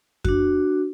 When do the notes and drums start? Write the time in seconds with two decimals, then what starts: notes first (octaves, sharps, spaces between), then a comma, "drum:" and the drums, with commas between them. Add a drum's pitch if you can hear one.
0.24 D4 F#4, drum: kick F2